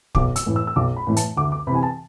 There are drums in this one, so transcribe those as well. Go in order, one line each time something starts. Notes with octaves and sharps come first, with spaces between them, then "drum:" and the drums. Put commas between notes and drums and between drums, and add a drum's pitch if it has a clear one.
B1 D6, drum: kick
E6, drum: hi-hat
A2 E3 A3
E6
E6
B1 D6
B5
A2 E3 A3
A5, drum: hi-hat
D2 D6
D6
C3 E3 B5
G#5
A5